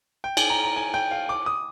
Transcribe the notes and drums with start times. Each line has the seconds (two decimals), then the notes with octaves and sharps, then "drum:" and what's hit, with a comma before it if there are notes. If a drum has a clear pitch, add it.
0.24 G5
0.37 G#5, drum: cymbal
0.50 A#5
0.63 A#5
0.76 G#5
0.94 G5
1.11 F5
1.29 D6
1.46 D#6